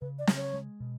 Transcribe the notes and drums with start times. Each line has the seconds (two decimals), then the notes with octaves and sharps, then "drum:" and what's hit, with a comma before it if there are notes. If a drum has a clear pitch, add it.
0.01 C#3 B4
0.19 D5
0.27 C#3, drum: snare
0.36 C#5
0.53 G#3
0.80 B2